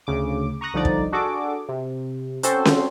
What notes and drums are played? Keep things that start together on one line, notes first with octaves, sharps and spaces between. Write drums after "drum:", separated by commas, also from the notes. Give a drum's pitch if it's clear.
D2 C#3 D6
A#5 C#6 D#6 F#6 A#6
C2 D3 F3 D#4 D5
drum: kick
D4 F#4 G#4 A4 D6
C3
C4 C#4 F#4 A4 C5, drum: hi-hat
drum: snare C#4